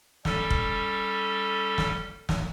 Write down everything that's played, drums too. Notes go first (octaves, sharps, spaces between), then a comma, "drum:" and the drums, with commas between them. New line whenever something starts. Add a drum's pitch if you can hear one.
G3 C#4 A4, drum: snare
drum: kick
drum: snare
drum: snare